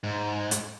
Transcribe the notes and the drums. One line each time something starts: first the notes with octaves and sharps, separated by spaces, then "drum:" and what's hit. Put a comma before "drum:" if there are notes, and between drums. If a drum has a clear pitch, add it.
G#2
drum: hi-hat